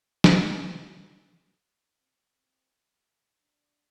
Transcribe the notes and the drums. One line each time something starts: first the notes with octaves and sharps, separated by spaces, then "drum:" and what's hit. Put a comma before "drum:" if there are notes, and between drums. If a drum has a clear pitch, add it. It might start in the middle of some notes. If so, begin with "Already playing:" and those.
drum: snare
D#4
C#4
C4
C4
D4